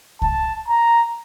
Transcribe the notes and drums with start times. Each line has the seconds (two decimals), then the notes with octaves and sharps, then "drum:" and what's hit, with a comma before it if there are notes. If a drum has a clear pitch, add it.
0.22 A5, drum: kick C2
0.69 A#5